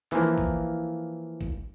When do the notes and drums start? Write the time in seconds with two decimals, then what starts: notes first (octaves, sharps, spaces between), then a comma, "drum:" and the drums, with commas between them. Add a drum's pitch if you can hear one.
0.12 E3 F3 A#3, drum: snare
0.38 drum: kick G#1
1.41 drum: kick G#1